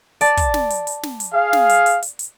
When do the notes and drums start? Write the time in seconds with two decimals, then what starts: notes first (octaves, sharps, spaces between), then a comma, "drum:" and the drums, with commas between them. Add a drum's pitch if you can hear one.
0.21 D5 A5, drum: hi-hat
0.37 drum: kick, hi-hat
0.54 drum: snare
0.70 drum: hi-hat
0.87 drum: hi-hat
1.03 drum: snare
1.20 drum: hi-hat
1.33 G#4 F5
1.53 drum: snare
1.69 drum: hi-hat
1.86 drum: hi-hat
2.03 drum: hi-hat
2.19 drum: hi-hat